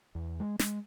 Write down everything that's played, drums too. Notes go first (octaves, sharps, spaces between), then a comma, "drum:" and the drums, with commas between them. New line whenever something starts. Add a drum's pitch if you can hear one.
E2
G#3
G#3, drum: snare